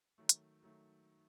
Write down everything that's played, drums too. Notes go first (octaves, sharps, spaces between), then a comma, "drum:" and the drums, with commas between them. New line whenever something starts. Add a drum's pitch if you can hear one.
D#3 F#3 A3
drum: hi-hat
D#3 F#3 A3